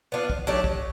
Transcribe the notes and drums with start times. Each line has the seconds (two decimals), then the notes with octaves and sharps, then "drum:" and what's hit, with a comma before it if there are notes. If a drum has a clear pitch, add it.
0.12 B3 D4 F4
0.30 drum: kick
0.47 F#3 A3 D4 G4
0.64 drum: kick